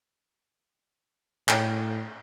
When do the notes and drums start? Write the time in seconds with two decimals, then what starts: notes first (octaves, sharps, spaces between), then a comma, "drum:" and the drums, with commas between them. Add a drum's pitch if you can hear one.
1.49 A2 C#5 G5 G#5, drum: clap